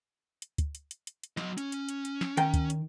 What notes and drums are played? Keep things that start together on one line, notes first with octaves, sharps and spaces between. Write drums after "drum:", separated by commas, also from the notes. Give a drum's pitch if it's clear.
drum: hi-hat
drum: kick, hi-hat
drum: hi-hat
drum: hi-hat
drum: hi-hat
drum: hi-hat
F#3 D#5, drum: snare
C#4, drum: hi-hat
drum: hi-hat
drum: hi-hat
drum: hi-hat
drum: snare
D#3 G5, drum: hi-hat
drum: kick, hi-hat
drum: hi-hat